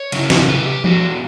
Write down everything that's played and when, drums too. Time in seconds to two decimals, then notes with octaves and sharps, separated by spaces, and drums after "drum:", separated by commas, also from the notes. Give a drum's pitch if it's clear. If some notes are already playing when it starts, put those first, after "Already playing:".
Already playing: C#5
0.12 C#3 F#3 C#4 E4, drum: cymbal
0.30 drum: snare
0.48 B4, drum: tom C3
0.66 G4
0.84 E3 B3 D4 F#4, drum: tom E3